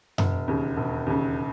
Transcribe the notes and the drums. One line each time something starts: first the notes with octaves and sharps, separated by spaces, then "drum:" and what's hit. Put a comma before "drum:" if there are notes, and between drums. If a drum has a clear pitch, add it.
E1, drum: tom F#2
D#2 C#3
E1
D#2 C#3